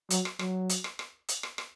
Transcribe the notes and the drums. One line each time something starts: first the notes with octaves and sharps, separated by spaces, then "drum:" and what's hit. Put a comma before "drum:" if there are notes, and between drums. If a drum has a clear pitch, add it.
F#3, drum: hi-hat
drum: rim click
F#3, drum: rim click
drum: hi-hat
drum: rim click
drum: rim click
drum: hi-hat
drum: rim click
drum: rim click